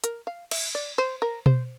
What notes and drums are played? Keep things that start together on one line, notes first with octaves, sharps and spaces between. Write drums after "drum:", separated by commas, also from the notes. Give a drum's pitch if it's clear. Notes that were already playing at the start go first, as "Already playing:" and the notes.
A#4, drum: hi-hat
F5
E5, drum: cymbal
D5
C5
A#4
C5, drum: tom B2